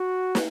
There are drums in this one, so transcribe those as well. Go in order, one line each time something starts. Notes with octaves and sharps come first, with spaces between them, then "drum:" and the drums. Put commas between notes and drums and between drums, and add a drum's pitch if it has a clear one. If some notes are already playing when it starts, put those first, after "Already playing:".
Already playing: F#4
drum: snare